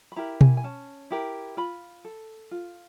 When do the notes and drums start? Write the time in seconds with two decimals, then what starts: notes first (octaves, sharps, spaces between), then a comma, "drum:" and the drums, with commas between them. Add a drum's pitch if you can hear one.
0.12 B5
0.16 E4 G4 A#4 A#5
0.41 G#5, drum: tom B2
0.57 G#5
0.64 C#4 A5
1.11 E4 G4 A#4
1.57 F4 B5
2.05 A4
2.51 F4